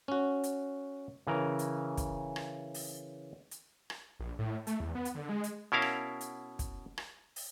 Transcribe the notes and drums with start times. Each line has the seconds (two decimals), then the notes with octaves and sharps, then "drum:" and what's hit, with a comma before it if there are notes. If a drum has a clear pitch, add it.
0.08 C#4 F#4
0.44 drum: hi-hat
1.27 C#3 E3 A#4
1.59 drum: hi-hat
1.97 drum: kick, hi-hat
2.36 drum: rim click
2.74 drum: open hi-hat
3.51 drum: hi-hat
3.90 drum: rim click
4.19 A#1
4.39 A2
4.67 A3, drum: hi-hat
4.80 E2
4.95 B3
5.05 drum: hi-hat
5.15 D3
5.29 G#3
5.44 drum: hi-hat
5.72 B2 C#4 E4 A#4 F5
5.82 drum: rim click
6.21 drum: hi-hat
6.59 drum: kick, hi-hat
6.98 drum: rim click
7.36 drum: open hi-hat